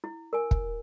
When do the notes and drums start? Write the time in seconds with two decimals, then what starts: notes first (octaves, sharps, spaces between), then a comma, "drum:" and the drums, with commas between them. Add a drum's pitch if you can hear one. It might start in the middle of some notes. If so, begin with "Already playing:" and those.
0.04 E4
0.33 A#4 G#5
0.51 drum: kick